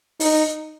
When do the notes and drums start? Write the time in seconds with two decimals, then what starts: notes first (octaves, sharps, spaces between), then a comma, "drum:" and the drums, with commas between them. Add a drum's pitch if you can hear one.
0.20 D#4, drum: open hi-hat